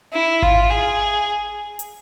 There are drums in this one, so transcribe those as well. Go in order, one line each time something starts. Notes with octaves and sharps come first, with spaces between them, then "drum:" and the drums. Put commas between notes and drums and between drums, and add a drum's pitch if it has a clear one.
E4
F4, drum: kick G#1
G#4
drum: hi-hat